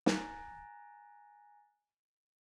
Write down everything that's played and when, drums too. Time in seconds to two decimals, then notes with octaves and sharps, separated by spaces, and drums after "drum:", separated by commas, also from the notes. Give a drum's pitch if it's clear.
0.06 G#5 A#5 F#6 A6 A#6, drum: snare